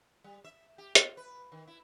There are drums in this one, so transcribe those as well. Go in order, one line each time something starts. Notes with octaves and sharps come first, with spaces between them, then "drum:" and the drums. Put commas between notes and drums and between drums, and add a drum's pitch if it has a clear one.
G3
E5
G4
F4, drum: hi-hat
B4
D#3
E4